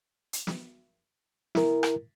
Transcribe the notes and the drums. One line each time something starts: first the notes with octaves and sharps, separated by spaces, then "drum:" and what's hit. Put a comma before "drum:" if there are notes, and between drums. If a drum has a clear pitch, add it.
drum: hi-hat
drum: snare
E4 A#4, drum: snare
drum: rim click